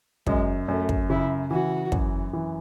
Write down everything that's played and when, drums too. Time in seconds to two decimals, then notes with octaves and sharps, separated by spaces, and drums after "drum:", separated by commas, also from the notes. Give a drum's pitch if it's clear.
0.27 F#2 G#3, drum: kick
0.68 F#2 A3
0.89 drum: kick
1.10 C#3 E4
1.51 E3 F#4
1.92 F#2, drum: kick
2.33 E3